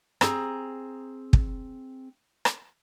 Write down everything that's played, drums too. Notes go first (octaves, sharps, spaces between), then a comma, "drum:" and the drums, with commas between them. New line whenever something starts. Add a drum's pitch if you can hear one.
C4 G#4 A#5, drum: rim click
drum: kick
drum: rim click